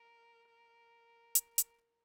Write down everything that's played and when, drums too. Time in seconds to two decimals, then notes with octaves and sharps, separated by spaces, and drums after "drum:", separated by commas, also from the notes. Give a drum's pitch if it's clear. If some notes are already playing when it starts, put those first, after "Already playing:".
Already playing: A#4
1.35 drum: hi-hat
1.58 drum: hi-hat